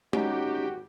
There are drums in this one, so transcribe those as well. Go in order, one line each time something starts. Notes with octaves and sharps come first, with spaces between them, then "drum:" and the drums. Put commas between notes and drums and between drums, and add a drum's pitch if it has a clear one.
G#1 C#4 D#4 F#4 G4, drum: tom G#3